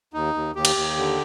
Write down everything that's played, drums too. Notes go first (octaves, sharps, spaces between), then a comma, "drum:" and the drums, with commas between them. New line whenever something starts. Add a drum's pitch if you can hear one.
D#2 D#4
D#2
D#2 G4
drum: cymbal
D#2
D3